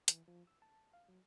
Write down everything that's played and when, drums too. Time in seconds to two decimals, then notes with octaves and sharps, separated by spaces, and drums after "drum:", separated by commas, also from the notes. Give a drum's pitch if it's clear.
0.08 E3, drum: hi-hat
0.28 F3
0.47 E6
0.62 A5
0.93 F5
1.08 F#3